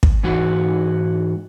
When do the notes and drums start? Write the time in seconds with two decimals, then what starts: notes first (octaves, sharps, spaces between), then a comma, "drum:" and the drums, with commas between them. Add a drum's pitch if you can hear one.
0.03 drum: kick
0.23 G#2 E3 F#4